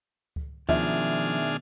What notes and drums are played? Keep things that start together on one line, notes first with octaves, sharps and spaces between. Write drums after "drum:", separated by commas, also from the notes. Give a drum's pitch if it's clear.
drum: kick C#2
B2 D#3 F3 D4 G#4 E5 F6, drum: kick C#2